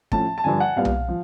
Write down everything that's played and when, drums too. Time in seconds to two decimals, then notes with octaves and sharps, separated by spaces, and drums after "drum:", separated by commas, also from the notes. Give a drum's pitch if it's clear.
0.12 A2 F3 A3 C#4 A5, drum: kick
0.38 A5
0.44 G2 D3 F3 G#5
0.60 F#5
0.76 C2 A#2 G3 B3 F5
0.85 drum: tom B1
1.08 F3